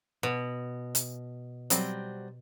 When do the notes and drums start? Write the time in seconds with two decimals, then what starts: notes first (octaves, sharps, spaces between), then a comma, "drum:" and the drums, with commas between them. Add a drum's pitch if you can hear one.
0.23 B2
0.95 drum: hi-hat
1.70 F#3 G3 C4, drum: hi-hat